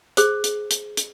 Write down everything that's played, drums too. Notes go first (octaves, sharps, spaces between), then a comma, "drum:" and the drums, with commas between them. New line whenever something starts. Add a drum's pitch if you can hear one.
G#4 C5, drum: hi-hat
drum: hi-hat
drum: hi-hat
drum: hi-hat